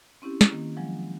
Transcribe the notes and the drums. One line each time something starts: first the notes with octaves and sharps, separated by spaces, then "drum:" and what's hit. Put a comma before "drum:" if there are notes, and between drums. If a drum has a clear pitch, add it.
C4 C#4 E4 G4
drum: snare
D#3 A#3
F3 F#3 G#3